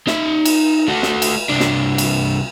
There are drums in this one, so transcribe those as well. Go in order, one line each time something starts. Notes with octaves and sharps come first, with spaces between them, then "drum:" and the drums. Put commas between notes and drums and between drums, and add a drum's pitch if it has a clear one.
D#4 E5, drum: snare
drum: cymbal
A3 F#4
drum: snare
drum: cymbal
C2 D4
drum: snare
drum: cymbal